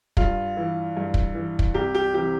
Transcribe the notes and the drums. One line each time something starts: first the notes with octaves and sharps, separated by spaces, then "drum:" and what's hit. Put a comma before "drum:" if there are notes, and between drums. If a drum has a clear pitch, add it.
G2 F4, drum: kick
E3
G2
drum: kick
E3
drum: kick
C2 G4
G4
C3 E3 G4